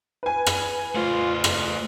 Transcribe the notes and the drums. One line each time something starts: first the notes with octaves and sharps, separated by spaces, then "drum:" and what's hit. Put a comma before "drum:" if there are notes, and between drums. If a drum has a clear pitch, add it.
B4 G#5
drum: rim click
A3 F4 C5
drum: rim click